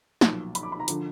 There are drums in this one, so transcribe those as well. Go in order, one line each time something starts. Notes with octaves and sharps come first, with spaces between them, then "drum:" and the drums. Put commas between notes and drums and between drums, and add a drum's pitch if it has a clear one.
B1 A#2 F3, drum: snare
B5, drum: hi-hat
D6
B5
A#5
D3 F3, drum: hi-hat